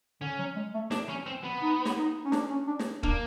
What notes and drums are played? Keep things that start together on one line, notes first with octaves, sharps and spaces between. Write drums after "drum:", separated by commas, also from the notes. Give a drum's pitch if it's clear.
D3 C#4
F#3
G#3
A3
D4, drum: snare
C#4
C4
B3
D#4
drum: snare
D#4
C#4
D4, drum: snare
C#4
D4
drum: snare
A#3 D4, drum: kick